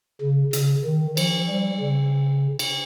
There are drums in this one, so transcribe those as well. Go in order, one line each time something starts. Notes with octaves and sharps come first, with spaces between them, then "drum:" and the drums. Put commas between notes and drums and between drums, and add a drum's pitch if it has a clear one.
C#3
C#3, drum: hi-hat
D#3
F3, drum: cymbal
G3
C#3
drum: cymbal